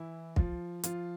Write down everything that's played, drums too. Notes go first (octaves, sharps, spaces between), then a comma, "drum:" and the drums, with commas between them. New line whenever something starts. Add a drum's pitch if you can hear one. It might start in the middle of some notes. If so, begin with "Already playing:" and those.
Already playing: E3 E4
F3 F4, drum: kick
F3 F4, drum: hi-hat